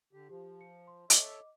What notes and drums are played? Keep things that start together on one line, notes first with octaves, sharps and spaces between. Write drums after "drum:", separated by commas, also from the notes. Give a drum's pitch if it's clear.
D3 G4
F3 G4
C#7
C6
A4 C#5 D#5 E5 D6, drum: hi-hat